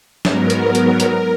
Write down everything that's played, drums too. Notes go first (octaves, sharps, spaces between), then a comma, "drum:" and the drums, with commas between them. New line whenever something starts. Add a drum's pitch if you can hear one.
G#2 F#3 B3 A#4, drum: snare
drum: hi-hat
drum: hi-hat
drum: hi-hat